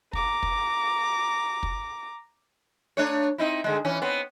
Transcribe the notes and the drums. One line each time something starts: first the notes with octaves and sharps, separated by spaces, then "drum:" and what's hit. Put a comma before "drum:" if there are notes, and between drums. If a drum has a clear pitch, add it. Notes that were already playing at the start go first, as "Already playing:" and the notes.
A#5 D6, drum: kick
drum: kick
drum: kick
A3 D4 C#5
C4 D#4 E4
G2 D3 G#3
E3 C#4
B3 C4